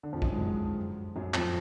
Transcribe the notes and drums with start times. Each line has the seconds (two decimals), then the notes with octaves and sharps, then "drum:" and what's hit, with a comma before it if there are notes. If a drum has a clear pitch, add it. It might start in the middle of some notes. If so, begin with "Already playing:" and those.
0.03 D3
0.13 F2 F3
0.22 F#2 F#3, drum: kick
0.31 G#2 G#3
0.41 F#2 F#3
1.16 F#2 F#3
1.34 F2 F3, drum: clap